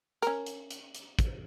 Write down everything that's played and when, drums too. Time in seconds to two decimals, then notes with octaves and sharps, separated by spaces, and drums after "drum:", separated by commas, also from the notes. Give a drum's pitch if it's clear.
0.22 C#4 A#4, drum: hi-hat
0.46 drum: hi-hat
0.71 drum: hi-hat
0.95 drum: hi-hat
1.19 drum: kick, hi-hat